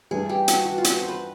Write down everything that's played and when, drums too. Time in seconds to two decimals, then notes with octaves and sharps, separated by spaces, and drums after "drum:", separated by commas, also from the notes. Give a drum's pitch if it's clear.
0.11 G2 E3 G3 G#4
0.29 G4
0.48 F#4, drum: hi-hat
0.66 F#4
0.78 F4
0.84 F#4, drum: hi-hat
0.97 C5
1.08 B4